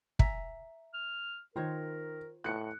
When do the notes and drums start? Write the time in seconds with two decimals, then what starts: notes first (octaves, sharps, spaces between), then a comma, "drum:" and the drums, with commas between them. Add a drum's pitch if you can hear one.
0.19 E5 G#5 A#5, drum: kick
0.94 F6
1.56 D#3 F4 A#4 C5 C#5
2.44 A2 F#6 C#7